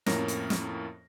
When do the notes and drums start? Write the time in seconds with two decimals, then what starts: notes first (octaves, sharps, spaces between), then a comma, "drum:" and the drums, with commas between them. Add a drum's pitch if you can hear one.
0.06 F2 A2 A#3 C#4 A#4 A#6, drum: snare
0.28 drum: hi-hat
0.50 drum: snare